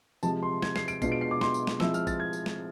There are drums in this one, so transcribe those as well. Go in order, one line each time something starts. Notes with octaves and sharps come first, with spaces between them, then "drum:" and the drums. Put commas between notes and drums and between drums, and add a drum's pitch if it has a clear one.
C3 F3 G#3 A5, drum: tambourine
C6
G#6, drum: snare
C7, drum: snare
D7, drum: tambourine
B2 G#3 D4 F4 C7, drum: kick, tambourine
D7
C7
D6
C6, drum: snare
drum: tambourine
drum: snare
F3 G#3 C4 E4 E6, drum: snare
F6, drum: tambourine
A6, drum: kick, tambourine
G#6
drum: tambourine
drum: snare